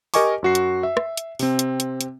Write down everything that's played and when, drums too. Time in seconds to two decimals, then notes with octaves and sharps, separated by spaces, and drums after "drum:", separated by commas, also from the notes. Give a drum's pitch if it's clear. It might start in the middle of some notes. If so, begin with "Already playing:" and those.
0.14 G4 A#4 D#5 G#5 C#6 D6, drum: open hi-hat
0.43 F#2 F#4 C7
0.55 drum: hi-hat
0.83 E5
0.97 drum: rim click
1.17 drum: hi-hat
1.39 C3 C4, drum: open hi-hat
1.59 drum: hi-hat
1.80 drum: hi-hat
2.01 drum: hi-hat